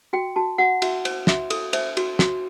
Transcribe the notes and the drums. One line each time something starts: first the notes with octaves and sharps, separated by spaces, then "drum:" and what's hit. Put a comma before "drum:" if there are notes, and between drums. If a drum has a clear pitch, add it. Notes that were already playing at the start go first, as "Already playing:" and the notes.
F#4 G5
F#4 A5
F#4 F#5
F#4 E5, drum: cymbal
C5, drum: cymbal
F#4 E5, drum: snare
A4, drum: cymbal
C5 E5, drum: cymbal
F#4, drum: cymbal
F#4, drum: snare